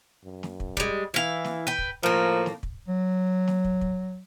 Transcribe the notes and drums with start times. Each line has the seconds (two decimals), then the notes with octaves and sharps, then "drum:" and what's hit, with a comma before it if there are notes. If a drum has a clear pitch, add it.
0.24 F#2
0.43 drum: snare
0.60 drum: kick
0.77 G3 G#3, drum: kick
1.14 E3 E4 F5
1.45 drum: snare
1.67 B4 G5
1.78 drum: kick
2.03 A2 F3 A#3 A#4
2.46 drum: snare
2.63 drum: kick
2.88 F#3
3.48 drum: snare
3.64 drum: kick
3.81 drum: kick